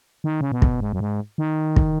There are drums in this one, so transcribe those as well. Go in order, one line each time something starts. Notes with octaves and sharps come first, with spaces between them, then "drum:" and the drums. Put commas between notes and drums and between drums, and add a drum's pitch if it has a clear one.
D#3
C#3
B2
drum: kick
G#2
F#2
G#2
D#3
drum: kick